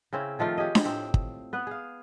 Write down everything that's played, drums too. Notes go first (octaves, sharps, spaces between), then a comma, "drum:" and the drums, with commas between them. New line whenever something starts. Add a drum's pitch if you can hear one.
C#3 C4 C#4 E4
D#3 F3 A3 F4
C#4 G4 G#4 D#5
drum: snare D4
A2 C4
drum: kick
B3 B4 F#5
G#4 F5